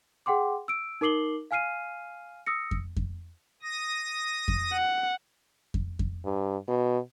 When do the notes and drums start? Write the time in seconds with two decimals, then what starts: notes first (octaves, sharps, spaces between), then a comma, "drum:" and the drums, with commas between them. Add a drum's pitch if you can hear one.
0.26 G#4 F#5 G5 C6 D6
0.68 E6 D7
1.01 D#4 A#4 D6 C7 F#7 G7
1.51 F5 G#5 F6 C7 D#7
2.46 D#6 E6 A#6 C#7
2.71 drum: kick F2
2.96 drum: kick F2
3.62 D#6 A#6
4.48 drum: kick F2
4.73 F#5
5.74 drum: kick F2
5.99 drum: kick F2
6.25 G2
6.68 B2